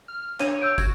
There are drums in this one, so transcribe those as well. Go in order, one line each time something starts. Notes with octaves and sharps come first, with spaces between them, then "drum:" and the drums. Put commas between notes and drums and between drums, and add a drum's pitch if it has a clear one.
F6
D4 C#5 D#7, drum: clap
E6 G6 D7
F#4 G#6, drum: kick, tambourine